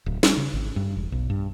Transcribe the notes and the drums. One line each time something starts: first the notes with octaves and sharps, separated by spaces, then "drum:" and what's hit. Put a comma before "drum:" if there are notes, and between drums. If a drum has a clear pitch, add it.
D1
G3, drum: snare
C#3
G#1
G2
E1
B1
G2